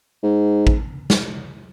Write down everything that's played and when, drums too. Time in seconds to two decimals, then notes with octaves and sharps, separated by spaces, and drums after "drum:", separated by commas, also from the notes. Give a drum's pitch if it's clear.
0.23 G#2
0.67 drum: kick A1
1.10 drum: snare